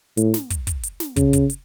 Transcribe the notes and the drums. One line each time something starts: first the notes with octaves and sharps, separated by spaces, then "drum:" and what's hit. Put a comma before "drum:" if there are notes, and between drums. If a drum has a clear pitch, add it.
A2, drum: hi-hat
drum: snare
drum: kick, hi-hat
drum: kick, hi-hat
drum: hi-hat
drum: snare
C#3, drum: kick, hi-hat
drum: kick, hi-hat
drum: hi-hat